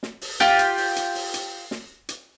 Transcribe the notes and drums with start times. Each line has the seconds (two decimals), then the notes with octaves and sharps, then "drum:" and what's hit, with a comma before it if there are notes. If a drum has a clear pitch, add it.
0.03 drum: snare
0.21 drum: open hi-hat
0.40 F4 G4 G5, drum: snare
0.59 drum: hi-hat
0.78 drum: open hi-hat
0.96 drum: hi-hat
1.15 drum: open hi-hat
1.34 drum: hi-hat
1.71 drum: snare
2.09 drum: hi-hat